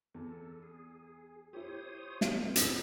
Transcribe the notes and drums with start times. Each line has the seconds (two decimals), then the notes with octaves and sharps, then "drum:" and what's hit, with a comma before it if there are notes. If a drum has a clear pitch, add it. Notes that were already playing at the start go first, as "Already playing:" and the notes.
0.14 E2 A4
0.63 G#4
1.53 E4 G4 C5 C#5 D#6
2.21 drum: snare
2.44 B2 F3 B3 C4
2.56 drum: hi-hat